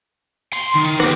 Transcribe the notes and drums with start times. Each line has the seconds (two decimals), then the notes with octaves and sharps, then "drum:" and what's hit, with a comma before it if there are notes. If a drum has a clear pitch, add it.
0.53 C6, drum: cymbal
0.75 D#3
0.84 drum: cymbal
1.00 G4 F#5, drum: rim click